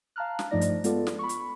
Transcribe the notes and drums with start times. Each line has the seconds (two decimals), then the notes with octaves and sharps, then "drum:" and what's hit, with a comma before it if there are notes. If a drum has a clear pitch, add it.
0.16 F5 A5 A#5 F6 F#6
0.39 drum: snare
0.51 G2 F3 A3 D#4 D5 A#6
0.61 drum: hi-hat
0.84 G#3 B3 F4 A4 D5, drum: hi-hat
1.07 drum: snare
1.19 B5 C#6
1.29 drum: hi-hat